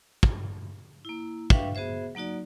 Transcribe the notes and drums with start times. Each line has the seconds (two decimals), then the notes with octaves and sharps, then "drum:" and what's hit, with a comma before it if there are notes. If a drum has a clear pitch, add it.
0.23 drum: kick
1.05 A#3 E4
1.50 D4 B4 E5 F5 G5 C#6, drum: kick
1.75 B3 F#4 G#4 C5 E5
2.15 F#3 A#3 D#4 F#4 D5